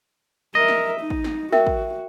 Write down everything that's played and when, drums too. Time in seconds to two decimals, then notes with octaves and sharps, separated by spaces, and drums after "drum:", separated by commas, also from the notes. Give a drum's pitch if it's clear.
0.55 A#4 D#5 E5
0.68 drum: snare
1.01 D#4
1.10 drum: kick
1.24 drum: snare
1.52 F#4 A#4 E5 G5, drum: snare
1.67 drum: kick